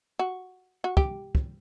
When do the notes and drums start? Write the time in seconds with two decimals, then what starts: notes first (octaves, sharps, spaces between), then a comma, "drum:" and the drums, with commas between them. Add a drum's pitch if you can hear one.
0.19 F#4
0.84 F#4
0.97 G4, drum: kick
1.35 drum: kick